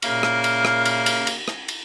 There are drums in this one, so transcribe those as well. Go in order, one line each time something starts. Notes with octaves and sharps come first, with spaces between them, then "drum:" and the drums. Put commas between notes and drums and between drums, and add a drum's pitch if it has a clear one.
A#2 C#3 A#3 E5 F6, drum: cymbal
drum: rim click
drum: cymbal
drum: rim click
drum: cymbal
drum: cymbal
drum: cymbal
drum: rim click
drum: cymbal